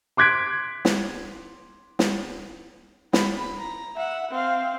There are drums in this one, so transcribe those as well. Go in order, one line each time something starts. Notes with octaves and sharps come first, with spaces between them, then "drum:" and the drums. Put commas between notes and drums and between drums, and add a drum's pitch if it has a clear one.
C6 D6 F#6 G#6 B6 D7
drum: snare
drum: snare
B5, drum: snare
A#5
E5 F#5
C4 F5